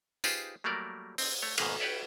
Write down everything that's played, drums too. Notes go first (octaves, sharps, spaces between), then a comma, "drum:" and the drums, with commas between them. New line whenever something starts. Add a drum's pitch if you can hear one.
D#4 F4 G4 G#4 B4 C5, drum: tambourine
F#3 G3 A3 A#3 A#4 D5
C4, drum: open hi-hat
A3 C#5
G#2 B2 D#3 A#3 B4 F5, drum: cymbal
G4 B4 C#5 D5 E5